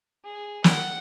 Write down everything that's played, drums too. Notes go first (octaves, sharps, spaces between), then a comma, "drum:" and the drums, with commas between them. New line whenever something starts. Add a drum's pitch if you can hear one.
G#4
F#5 G5, drum: snare